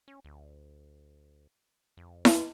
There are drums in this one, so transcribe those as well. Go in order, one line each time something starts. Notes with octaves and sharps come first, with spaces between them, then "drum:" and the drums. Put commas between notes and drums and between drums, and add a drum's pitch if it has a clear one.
C#4
D2
F2
drum: snare E4